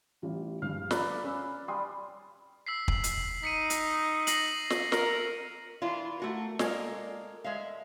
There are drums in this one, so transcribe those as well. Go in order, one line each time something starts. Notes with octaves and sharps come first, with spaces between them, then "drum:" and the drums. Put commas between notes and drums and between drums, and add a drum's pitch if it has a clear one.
A1 G3 F4
A#1 G2 F5
B4 D5 A#5, drum: snare
C#4 E6
G3 G#5 C6 D#6
E6 B6 C7
drum: kick
drum: hi-hat
D#4 B6 C#7 D#7
drum: hi-hat
A#6 C7 F#7, drum: hi-hat
drum: snare
A#4, drum: snare
E3 D4 E4 F4
A3 F#4 A#4
G#3 A#3 A4 A#4 D5, drum: snare
G#3 E5 F5